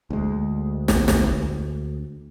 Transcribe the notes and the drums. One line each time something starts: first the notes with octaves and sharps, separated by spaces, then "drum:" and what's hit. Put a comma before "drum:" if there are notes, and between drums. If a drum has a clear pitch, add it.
D2 G#3
drum: snare
drum: snare